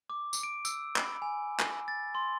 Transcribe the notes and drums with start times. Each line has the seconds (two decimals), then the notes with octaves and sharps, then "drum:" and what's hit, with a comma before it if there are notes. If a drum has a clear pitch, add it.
0.10 D6
0.33 drum: tambourine
0.43 D7
0.65 E6, drum: tambourine
0.96 B5, drum: clap
1.22 G#5
1.59 drum: clap
1.88 A6
2.15 C6